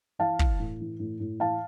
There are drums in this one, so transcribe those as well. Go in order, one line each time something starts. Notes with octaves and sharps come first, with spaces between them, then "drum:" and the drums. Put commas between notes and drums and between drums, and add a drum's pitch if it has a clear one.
E3 F5 A5
E3, drum: kick
A2
E3
A2
A2
E3 F5 A5